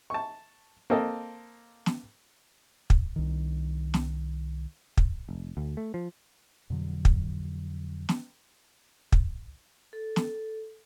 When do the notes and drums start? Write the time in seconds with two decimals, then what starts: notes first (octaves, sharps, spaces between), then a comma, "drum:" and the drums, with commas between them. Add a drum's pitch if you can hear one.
0.10 A5 C#6
0.90 A#3 C4 A4 D#5
1.86 drum: snare
2.90 drum: kick
3.16 C2 D#3
3.94 drum: snare
4.97 drum: kick
5.29 F1
5.57 D2
5.77 A3
5.94 F3
6.70 F2 B2 D3 F#3
7.05 drum: kick
8.09 drum: snare
9.12 drum: kick
9.93 A4
10.16 drum: snare